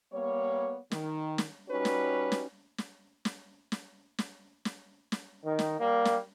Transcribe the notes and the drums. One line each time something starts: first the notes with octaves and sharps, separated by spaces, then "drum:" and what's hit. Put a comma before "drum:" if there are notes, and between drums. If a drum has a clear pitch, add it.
G3 A#3 B3 C#5
D#3, drum: snare
drum: snare
G3 C#4 D#4 F#4 B4 C#5
drum: snare
drum: snare
drum: snare
drum: snare
drum: snare
drum: snare
drum: snare
drum: snare
D#3
drum: snare
G3 A#3
drum: snare